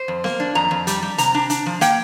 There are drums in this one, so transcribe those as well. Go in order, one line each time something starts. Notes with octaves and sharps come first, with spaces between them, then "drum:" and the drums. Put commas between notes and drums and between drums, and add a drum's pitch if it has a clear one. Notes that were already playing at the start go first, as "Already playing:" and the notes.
Already playing: C5
F2
A#3, drum: snare B3
D4
F2 A#5
F2
G3, drum: hi-hat
G3
C3 A#5, drum: hi-hat
D4
D4, drum: hi-hat
F3
A#3 G5, drum: hi-hat